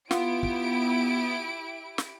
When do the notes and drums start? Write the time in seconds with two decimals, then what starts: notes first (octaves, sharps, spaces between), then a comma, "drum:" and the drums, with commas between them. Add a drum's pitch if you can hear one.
0.11 B3 E4 F4 G4 D7, drum: snare
0.43 drum: kick
1.98 drum: snare